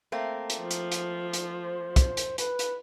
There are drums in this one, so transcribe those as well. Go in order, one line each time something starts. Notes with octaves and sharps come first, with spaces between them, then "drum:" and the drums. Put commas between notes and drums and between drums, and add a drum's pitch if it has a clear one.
A3 A#3 C4
drum: hi-hat
F3
drum: hi-hat
drum: hi-hat
drum: hi-hat
C5
drum: kick, hi-hat
drum: hi-hat
B4, drum: hi-hat
drum: hi-hat